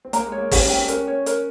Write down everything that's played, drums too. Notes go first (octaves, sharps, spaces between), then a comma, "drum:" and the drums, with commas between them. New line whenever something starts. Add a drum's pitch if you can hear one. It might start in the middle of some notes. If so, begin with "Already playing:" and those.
C4
A#3 A#5, drum: hi-hat
G#3
C#5
A#3
C#4 G4, drum: kick, open hi-hat
C4
A#3 G5
C4
C#4 A#4, drum: hi-hat
C#5
A#4, drum: hi-hat